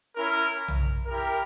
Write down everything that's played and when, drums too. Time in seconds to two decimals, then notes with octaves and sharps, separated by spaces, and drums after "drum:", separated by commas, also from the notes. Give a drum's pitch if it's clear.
0.16 C#4 E4 A#4
0.40 drum: hi-hat
0.68 drum: tom B1
1.06 E4 G4 A#4